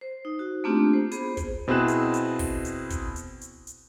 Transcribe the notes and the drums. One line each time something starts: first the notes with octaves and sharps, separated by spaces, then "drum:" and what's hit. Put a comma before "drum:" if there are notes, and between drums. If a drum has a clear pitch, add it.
C5
D#4
F#4
A3 A#3 C4 D4 F4 G4
C5
B3 G#4 C5, drum: hi-hat
drum: kick, hi-hat
B2 C4 E4 G#4 F#6 E7
drum: hi-hat
drum: hi-hat
drum: kick, open hi-hat
drum: hi-hat
drum: kick, hi-hat
drum: hi-hat
drum: hi-hat
drum: hi-hat